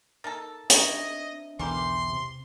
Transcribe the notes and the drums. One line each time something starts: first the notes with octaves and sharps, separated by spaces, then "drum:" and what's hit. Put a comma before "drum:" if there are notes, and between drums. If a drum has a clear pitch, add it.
A#3 D#4 A4 A6
B3 C4 D4 D#4 C#5 D#5 E5, drum: hi-hat
B1 E2 B2 D3 E3 A#3 G4 C6
C3